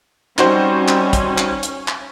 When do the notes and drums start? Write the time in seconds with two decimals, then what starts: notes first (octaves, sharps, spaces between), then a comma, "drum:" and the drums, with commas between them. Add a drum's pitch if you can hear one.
0.38 G3 C4 C#4 D#4 F#4 C5, drum: clap
0.88 drum: clap
1.13 drum: kick, hi-hat
1.38 drum: clap
1.63 drum: hi-hat
1.88 drum: clap